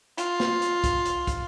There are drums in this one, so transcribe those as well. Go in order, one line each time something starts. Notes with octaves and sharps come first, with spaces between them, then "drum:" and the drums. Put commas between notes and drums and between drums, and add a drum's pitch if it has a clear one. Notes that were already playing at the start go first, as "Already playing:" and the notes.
F4, drum: hi-hat
drum: snare
drum: hi-hat
drum: kick, hi-hat
drum: hi-hat
drum: kick, hi-hat